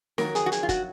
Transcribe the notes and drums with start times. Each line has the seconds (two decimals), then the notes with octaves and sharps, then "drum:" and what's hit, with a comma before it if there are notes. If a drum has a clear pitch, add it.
0.18 F2 D#3 F#3 A#4, drum: snare
0.35 G#4, drum: hi-hat
0.46 F#4
0.52 G#4, drum: hi-hat
0.63 F4
0.69 F#4, drum: kick, hi-hat